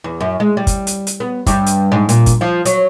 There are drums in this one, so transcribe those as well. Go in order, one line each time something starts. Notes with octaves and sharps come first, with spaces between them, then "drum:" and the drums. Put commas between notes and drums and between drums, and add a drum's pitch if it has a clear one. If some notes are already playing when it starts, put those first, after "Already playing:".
E2
F#2
G#3
G3
drum: kick, hi-hat
drum: hi-hat
drum: hi-hat
B3
G2, drum: kick, hi-hat
drum: hi-hat
G#2
A#2, drum: hi-hat
drum: kick, hi-hat
F3
F#3, drum: hi-hat